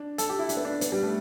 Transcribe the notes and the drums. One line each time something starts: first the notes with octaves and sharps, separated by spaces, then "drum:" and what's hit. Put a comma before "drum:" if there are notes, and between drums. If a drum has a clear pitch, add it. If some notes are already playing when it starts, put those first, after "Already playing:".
Already playing: D4
A4, drum: hi-hat
G4
E4
D4, drum: hi-hat
B3
D4
B3, drum: hi-hat
G3
A3